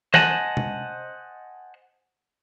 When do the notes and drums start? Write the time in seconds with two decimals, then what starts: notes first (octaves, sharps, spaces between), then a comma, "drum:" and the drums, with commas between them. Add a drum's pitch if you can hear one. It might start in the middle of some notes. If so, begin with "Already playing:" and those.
0.14 C5 D#5 F#5 G#5 A5, drum: snare
0.57 drum: tom